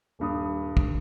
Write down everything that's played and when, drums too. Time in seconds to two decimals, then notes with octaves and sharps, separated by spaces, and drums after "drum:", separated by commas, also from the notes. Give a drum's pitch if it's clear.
0.19 D#1 G2 D#6
0.77 drum: kick